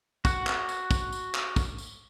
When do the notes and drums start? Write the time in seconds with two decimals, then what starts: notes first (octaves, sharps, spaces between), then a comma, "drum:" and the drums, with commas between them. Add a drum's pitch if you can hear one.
0.25 F#4 F#5, drum: kick, tambourine
0.47 drum: clap
0.69 drum: tambourine
0.91 drum: kick, tambourine
1.13 drum: tambourine
1.34 drum: clap
1.56 drum: kick, tambourine
1.78 drum: tambourine